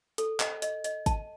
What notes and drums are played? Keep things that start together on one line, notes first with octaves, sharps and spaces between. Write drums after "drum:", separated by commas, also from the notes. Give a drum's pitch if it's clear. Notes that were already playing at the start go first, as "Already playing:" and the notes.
A4, drum: hi-hat
D#5, drum: clap
D#5, drum: hi-hat
D#5, drum: hi-hat
A5, drum: kick G#1, hi-hat